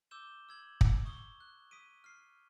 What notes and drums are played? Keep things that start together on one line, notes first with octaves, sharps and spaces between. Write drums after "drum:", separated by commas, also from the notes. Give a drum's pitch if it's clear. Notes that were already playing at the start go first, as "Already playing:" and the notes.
D6 E6 G6 E7 G7
E6 G#6 F#7
drum: kick
C#6 D#6 G7
F#6
D#6 B6 D7 D#7
F6 C7